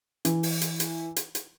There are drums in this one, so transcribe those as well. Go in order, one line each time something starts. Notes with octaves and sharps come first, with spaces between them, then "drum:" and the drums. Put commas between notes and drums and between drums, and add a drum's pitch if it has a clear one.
E3, drum: hi-hat
drum: open hi-hat
drum: hi-hat
drum: hi-hat
drum: hi-hat
drum: hi-hat